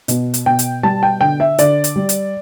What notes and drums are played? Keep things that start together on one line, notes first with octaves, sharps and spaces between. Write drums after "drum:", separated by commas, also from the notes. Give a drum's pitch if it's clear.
B2, drum: hi-hat
drum: hi-hat
B2 G5
drum: hi-hat
G3 A5
G5
D3 G5
E5
D3 D5, drum: hi-hat
drum: hi-hat
G3
drum: hi-hat